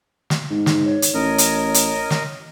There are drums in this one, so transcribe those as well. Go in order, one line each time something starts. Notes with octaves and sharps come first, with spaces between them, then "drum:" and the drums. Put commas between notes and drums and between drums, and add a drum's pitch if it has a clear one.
drum: snare
G#2
drum: snare
C#5
drum: hi-hat
A1 A#4 D#5
drum: hi-hat
drum: hi-hat
drum: snare